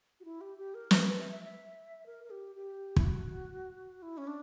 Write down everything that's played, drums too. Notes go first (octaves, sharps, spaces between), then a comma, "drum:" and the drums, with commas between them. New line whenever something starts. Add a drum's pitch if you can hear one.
F#4
E4
G4
G4
A#4
B4, drum: snare
B4
E5
E5
E5
A#4
A#4
G4
G4
E4, drum: kick
F#4
E4
C#4
D4